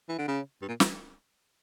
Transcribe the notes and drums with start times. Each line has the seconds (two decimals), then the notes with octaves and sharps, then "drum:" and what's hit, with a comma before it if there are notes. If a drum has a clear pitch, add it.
0.09 E3
0.19 D3
0.28 C#3
0.62 G2
0.68 A#2
0.80 drum: snare